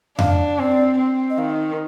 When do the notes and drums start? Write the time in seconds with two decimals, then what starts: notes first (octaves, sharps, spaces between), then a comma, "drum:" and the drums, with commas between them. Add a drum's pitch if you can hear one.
0.19 D4 F5, drum: tom F2
0.59 C4 D5
0.98 C4
1.30 D#5
1.38 D#3 F5